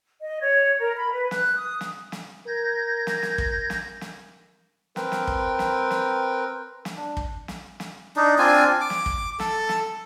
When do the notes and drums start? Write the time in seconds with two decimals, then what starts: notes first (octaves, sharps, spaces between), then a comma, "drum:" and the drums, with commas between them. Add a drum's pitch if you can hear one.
0.21 D#5
0.40 C#5
0.80 A#4
0.97 B5
1.12 B4
1.31 F#6, drum: snare
1.57 D#6
1.81 drum: snare
2.12 drum: snare
2.47 A#4 G6 G#6 A#6
3.07 drum: snare
3.23 drum: snare
3.38 drum: kick
3.70 drum: snare
4.01 drum: snare
4.96 C4 A#4 B4 G5, drum: snare
5.12 drum: snare
5.27 drum: kick
5.59 drum: snare
5.91 drum: snare
6.85 drum: snare
6.97 D4
7.17 drum: kick
7.48 drum: snare
7.80 drum: snare
8.16 D4 D#4
8.39 C4 D4 F4 G#5
8.81 D6
8.90 drum: snare
9.06 drum: kick
9.40 A4, drum: snare
9.69 drum: snare